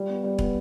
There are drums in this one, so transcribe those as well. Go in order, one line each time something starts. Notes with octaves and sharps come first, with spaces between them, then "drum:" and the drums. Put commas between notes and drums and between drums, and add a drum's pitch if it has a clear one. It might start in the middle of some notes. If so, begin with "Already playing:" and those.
Already playing: G3
B3
G3
B3, drum: kick